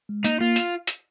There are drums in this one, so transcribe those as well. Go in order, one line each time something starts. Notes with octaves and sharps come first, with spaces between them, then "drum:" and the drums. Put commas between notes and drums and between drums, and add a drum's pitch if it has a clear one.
G#3
A#3 D#4, drum: hi-hat
A#3 F4
drum: hi-hat
drum: hi-hat